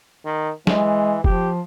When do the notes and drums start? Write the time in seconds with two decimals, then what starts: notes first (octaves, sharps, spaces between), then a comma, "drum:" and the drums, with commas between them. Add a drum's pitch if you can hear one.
0.25 D#3
0.67 E3 G#3, drum: snare
1.24 F3 G4, drum: kick